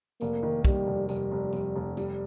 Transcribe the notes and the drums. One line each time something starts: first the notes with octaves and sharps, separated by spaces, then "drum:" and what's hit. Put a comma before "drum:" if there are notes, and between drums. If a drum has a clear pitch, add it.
F1 A#3, drum: tambourine
D#3
D#2 G3, drum: kick, tambourine
F1
F1 G3, drum: tambourine
F1
F1, drum: tambourine
F1
G3, drum: tambourine